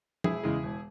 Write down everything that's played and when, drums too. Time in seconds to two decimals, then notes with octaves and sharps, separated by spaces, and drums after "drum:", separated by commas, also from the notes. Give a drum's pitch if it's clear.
0.24 E1 E4 G#4, drum: tom
0.43 E2 C#3 G#3
0.63 E1